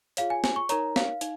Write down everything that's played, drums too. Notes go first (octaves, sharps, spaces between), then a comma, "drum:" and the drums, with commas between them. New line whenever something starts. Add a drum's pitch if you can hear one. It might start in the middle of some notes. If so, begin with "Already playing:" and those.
F4 G#4 C#5 F5, drum: hi-hat
G#5
G#5, drum: snare
C#6
D#4 A#4 C#5 A#5, drum: hi-hat
F5, drum: snare
D#4, drum: hi-hat